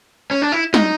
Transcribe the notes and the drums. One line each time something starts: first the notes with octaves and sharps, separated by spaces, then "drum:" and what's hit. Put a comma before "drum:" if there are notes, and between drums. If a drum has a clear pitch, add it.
C#4
D4
E4
D#4, drum: snare